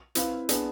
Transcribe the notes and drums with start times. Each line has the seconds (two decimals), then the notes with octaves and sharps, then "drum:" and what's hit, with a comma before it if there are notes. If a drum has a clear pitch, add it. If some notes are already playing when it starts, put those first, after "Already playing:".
0.15 C4 E4 B4 F5, drum: hi-hat
0.49 B3 D4 G#4, drum: hi-hat